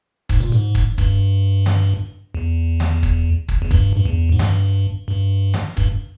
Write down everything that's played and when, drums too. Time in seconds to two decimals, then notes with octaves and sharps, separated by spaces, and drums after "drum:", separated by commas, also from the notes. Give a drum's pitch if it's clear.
0.29 G#2, drum: kick
0.40 A#2
0.52 G#2
0.75 drum: kick
0.98 G2, drum: kick
1.66 drum: snare
2.35 E2
2.80 drum: snare
3.03 drum: kick
3.48 drum: kick
3.62 E2
3.71 G2, drum: kick
3.96 G2
4.06 E2
4.32 G#2
4.39 G2, drum: snare
5.08 G2
5.54 drum: snare
5.77 G2, drum: kick